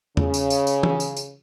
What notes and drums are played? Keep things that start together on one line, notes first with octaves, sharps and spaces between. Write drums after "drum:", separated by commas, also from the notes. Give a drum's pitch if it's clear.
C#3, drum: tom E2
drum: tambourine
drum: tambourine
drum: tambourine
drum: tom
drum: tambourine
drum: tambourine